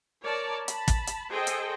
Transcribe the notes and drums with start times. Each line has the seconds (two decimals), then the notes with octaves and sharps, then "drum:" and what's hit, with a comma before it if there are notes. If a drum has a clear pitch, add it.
0.24 A#4 C#5 D5 A5
0.68 A5 B5, drum: hi-hat
0.88 drum: kick, hi-hat
1.07 drum: hi-hat
1.31 G#4 A4 C5 D#5 G5
1.47 drum: hi-hat